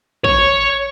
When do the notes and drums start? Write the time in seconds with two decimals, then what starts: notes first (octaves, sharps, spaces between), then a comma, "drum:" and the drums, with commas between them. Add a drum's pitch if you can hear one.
0.24 C#5, drum: kick